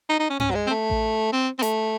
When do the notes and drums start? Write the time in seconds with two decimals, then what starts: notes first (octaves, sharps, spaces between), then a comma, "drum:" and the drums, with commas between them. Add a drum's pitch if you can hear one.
0.09 D#4
0.19 D#4
0.29 C#4
0.40 C#4, drum: tom G2
0.50 F#3
0.55 G#3
0.67 C4
0.70 A3
0.90 drum: kick A1
1.32 C4
1.58 C4
1.63 A3, drum: hi-hat